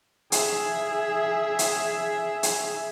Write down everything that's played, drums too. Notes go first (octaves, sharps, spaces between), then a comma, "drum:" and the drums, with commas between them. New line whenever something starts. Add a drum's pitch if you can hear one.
G#4 E5, drum: hi-hat
drum: hi-hat
drum: hi-hat